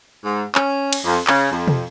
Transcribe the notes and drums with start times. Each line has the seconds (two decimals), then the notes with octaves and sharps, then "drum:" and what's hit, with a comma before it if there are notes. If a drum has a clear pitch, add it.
0.24 G#2
0.55 C#4, drum: clap
0.93 drum: cymbal
1.05 F2
1.27 C#3, drum: clap
1.52 F2
1.68 drum: tom